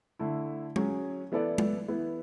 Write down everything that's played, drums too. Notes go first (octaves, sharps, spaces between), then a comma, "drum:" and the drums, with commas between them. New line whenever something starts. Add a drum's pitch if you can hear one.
D3 A3 E4
F#3 C#4 G#4, drum: tom G#3
E3 B3 E4 A4 D5
drum: tom G#3
E3 B3 E4